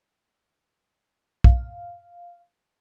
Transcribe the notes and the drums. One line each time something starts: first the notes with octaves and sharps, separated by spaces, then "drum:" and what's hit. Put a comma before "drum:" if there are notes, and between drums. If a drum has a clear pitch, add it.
F5, drum: kick